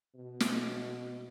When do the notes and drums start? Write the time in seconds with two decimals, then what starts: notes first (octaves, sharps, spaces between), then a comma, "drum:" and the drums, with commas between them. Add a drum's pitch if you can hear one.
0.15 B2
0.40 drum: snare